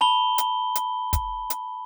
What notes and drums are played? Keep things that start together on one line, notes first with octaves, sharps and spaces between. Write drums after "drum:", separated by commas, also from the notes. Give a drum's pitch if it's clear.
A5 B5 G7
drum: hi-hat
drum: hi-hat
drum: kick, hi-hat
drum: hi-hat